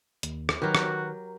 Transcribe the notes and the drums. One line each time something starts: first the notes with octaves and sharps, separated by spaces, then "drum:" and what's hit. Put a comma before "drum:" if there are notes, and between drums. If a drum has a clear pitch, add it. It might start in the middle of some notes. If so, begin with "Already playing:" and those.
D#2, drum: hi-hat
drum: rim click
D#3 F#3 F#4 G4 A#4 B4 A#5 F6
drum: rim click